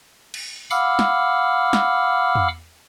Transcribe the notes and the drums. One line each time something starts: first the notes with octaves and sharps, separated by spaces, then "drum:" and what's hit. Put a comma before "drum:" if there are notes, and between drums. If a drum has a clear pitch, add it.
drum: cymbal
F5 F#5 B5 D6 E6 F6, drum: tambourine
drum: snare
drum: snare
drum: tom